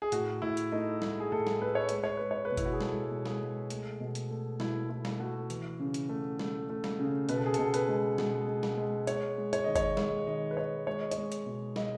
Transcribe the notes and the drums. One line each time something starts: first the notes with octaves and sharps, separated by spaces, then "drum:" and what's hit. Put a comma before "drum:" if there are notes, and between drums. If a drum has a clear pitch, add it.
G#4
A2 F#4, drum: hi-hat
A2 E4
drum: hi-hat
A3 D#4
A3 E4, drum: snare
G#4
A2 A4
drum: snare
A3 B4
C#5
G#3 B4, drum: hi-hat
C#5
G#3 B4
C#5
B4
B2
E4, drum: kick, hi-hat
F#4
G#4
G#3 A4, drum: snare
B2
G#4, drum: snare
G#3
A3, drum: hi-hat
B2
drum: hi-hat
A3
B2 E4, drum: snare
A3 E4
drum: snare
A3 F#4
E3, drum: hi-hat
C#3
drum: hi-hat
A3
A3, drum: snare
A3
drum: snare
C#3
B2 B4, drum: hi-hat
A4
G#4
B2 A4, drum: hi-hat
B4, drum: hi-hat
G#3
B2, drum: snare
G#3
drum: snare
G#3
G#3 C#5, drum: hi-hat
G#3
C#5, drum: hi-hat
D#3 D#5
C#5, drum: kick, hi-hat
G#3 D#5, drum: snare
D#3 D#5
B4
G#3 C#5
G#3 C#5
D#5
C#5, drum: hi-hat
G#3
drum: hi-hat
B2
G#3 D#5, drum: snare